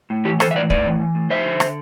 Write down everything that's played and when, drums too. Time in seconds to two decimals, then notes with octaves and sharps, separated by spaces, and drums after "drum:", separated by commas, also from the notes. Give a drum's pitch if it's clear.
0.10 A2
0.25 E3 E4 G4
0.40 E3 A4 C5, drum: rim click
0.51 E5
0.56 A2 B4 D5
0.70 A2 B4 D5, drum: kick
0.86 E3
1.00 E3
1.15 A2
1.30 F3 C5 E5
1.45 D3
1.60 drum: rim click